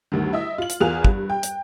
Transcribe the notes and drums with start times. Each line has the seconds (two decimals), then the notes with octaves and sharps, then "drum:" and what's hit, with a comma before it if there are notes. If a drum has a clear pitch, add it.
0.12 D2 G2 D#3
0.33 E4 D#5 E5
0.58 F4 F#7
0.70 drum: hi-hat
0.80 E2 F4 G#4 A#4 F#6 F7
1.05 G2, drum: kick
1.30 G5
1.43 drum: hi-hat